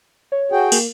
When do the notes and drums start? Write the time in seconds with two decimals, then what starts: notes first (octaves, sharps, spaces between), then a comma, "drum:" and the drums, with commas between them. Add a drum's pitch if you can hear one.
0.32 C#5
0.52 F#4 G#4 G5
0.72 A#3, drum: open hi-hat